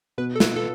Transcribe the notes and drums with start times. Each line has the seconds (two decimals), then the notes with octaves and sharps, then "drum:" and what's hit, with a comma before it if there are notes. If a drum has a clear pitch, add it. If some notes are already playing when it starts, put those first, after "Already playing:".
0.18 B2 B4
0.35 A4
0.40 F4 B4, drum: snare
0.56 A4